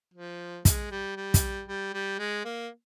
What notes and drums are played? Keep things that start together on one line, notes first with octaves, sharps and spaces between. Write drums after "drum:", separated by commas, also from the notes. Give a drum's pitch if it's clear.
F3
G#3, drum: kick, hi-hat
G3
G3
drum: kick, hi-hat
G3
G3
G#3
A#3